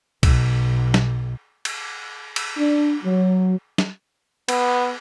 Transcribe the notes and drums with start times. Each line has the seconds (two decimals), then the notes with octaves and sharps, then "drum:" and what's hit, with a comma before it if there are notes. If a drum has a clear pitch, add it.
0.23 B1, drum: kick C2, cymbal
0.94 drum: snare
1.65 drum: cymbal
2.36 drum: cymbal
2.58 D4
3.03 F#3
3.78 drum: snare
4.49 B3, drum: cymbal